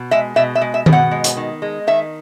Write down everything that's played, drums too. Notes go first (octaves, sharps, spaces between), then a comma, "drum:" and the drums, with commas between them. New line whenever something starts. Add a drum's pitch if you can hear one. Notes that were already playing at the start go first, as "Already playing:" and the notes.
Already playing: B2
G#3 E5
B2 E5
E5
G#3
E5
B2, drum: tom D#3
F#5
G#3
drum: hi-hat
D#3
G#3
D#3 E5